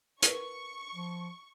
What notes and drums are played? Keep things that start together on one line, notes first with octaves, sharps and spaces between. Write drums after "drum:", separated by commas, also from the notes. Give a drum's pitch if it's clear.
A#4 B4 C#6, drum: hi-hat
F3